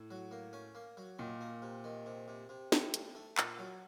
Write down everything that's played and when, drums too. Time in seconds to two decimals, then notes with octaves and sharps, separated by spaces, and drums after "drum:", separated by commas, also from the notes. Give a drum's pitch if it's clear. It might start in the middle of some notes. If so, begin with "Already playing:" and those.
Already playing: A2
0.11 F#3
0.31 A#3
0.53 C#4
0.75 A#3
0.97 F#3
1.19 A#2 D#3
1.41 A#3
1.62 C3
1.84 D#3
2.06 C3
2.28 C3
2.49 C3
2.72 C3, drum: snare
2.94 A3, drum: hi-hat
3.15 A3
3.38 A#2, drum: clap
3.59 F#3